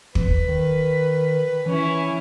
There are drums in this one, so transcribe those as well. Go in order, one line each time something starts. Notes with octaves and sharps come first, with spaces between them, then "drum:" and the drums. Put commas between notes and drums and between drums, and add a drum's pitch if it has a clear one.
B4, drum: kick
D#3
E3 C#4 E4